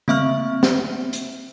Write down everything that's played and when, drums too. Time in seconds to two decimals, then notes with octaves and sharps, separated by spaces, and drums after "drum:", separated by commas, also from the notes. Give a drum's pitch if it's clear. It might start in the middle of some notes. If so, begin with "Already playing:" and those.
0.08 A#3 C4 E5 C#6 F6, drum: tom C#3
0.63 drum: snare
1.13 drum: hi-hat